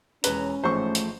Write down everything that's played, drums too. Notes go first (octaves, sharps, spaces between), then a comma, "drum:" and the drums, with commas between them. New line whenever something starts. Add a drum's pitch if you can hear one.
E1 C#4 B4 C#5 A#5, drum: hi-hat
A1 G#2 F3 A3 C5 C#6
drum: hi-hat